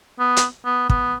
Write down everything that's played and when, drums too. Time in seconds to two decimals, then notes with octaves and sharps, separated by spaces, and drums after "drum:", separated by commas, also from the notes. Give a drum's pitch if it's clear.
0.20 B3
0.36 drum: hi-hat
0.66 B3
0.89 B3, drum: kick